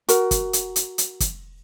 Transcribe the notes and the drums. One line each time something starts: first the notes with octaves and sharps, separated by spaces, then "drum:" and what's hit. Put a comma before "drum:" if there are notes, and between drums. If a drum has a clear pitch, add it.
F#4 A#4, drum: hi-hat
drum: kick, hi-hat
drum: hi-hat
drum: hi-hat
drum: hi-hat
drum: kick, hi-hat